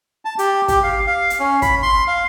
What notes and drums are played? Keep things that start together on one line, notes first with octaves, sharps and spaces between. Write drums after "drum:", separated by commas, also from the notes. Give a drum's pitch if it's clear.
A5
G4, drum: hi-hat
G4, drum: kick, hi-hat
F5
F5
drum: hi-hat
C#4
B5, drum: kick, hi-hat
C6
F5